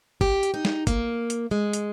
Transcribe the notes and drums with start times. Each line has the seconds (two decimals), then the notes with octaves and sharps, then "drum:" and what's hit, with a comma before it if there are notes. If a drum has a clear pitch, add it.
0.21 G4, drum: kick
0.43 drum: hi-hat
0.54 D#4
0.65 drum: snare
0.87 A#3, drum: kick, hi-hat
1.30 drum: hi-hat
1.51 G#3
1.73 drum: hi-hat